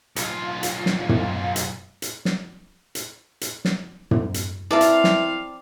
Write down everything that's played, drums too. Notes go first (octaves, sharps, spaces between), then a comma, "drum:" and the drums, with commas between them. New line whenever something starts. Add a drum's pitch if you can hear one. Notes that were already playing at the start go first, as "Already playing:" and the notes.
B1 F4, drum: hi-hat
drum: hi-hat
drum: snare
drum: tom
drum: hi-hat
drum: hi-hat
drum: snare
drum: hi-hat
drum: hi-hat
drum: snare
drum: tom
drum: hi-hat
C4 E4 B4 D5 E5 F5 A5 A#5
drum: hi-hat
drum: snare